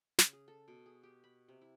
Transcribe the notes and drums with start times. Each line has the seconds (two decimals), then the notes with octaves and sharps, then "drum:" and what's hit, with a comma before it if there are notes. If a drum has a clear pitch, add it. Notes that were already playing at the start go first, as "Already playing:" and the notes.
0.19 C#3, drum: snare
0.33 G#4
0.48 A4
0.68 B2
0.86 G#4
1.03 G4
1.24 B5
1.48 C3
1.61 E4